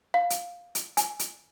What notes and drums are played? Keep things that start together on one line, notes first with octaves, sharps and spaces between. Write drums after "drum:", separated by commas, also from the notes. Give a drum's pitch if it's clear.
F5
drum: hi-hat
drum: hi-hat
G#5, drum: hi-hat
drum: hi-hat